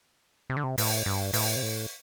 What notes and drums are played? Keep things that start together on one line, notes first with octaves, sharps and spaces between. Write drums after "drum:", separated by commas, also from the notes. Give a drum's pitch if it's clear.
C3
D3
C3
A2, drum: open hi-hat
G2
A2, drum: open hi-hat
C3
A2